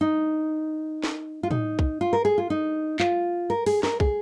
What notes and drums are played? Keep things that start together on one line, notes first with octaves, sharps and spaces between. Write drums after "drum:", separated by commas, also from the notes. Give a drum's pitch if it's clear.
D#4
drum: snare
F4
D#4, drum: tom A2
drum: kick
F4
A#4
G#4
F4
D#4
F4, drum: clap
A#4
G#4, drum: open hi-hat
A#4, drum: snare
G#4, drum: kick